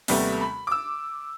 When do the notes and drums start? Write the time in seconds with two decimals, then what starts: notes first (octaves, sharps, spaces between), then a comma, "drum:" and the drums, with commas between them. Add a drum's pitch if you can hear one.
0.08 D#2 C3 G3 A3 B3, drum: open hi-hat
0.41 B5
0.67 D6 E6